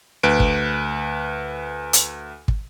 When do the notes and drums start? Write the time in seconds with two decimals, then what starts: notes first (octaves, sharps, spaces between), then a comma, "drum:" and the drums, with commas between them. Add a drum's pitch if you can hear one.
0.23 D2 B4 D7
0.40 drum: kick
1.93 drum: hi-hat
2.48 drum: kick